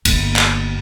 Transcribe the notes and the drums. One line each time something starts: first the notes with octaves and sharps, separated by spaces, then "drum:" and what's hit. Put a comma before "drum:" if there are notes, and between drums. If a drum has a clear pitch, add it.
G1 A#3, drum: cymbal
drum: clap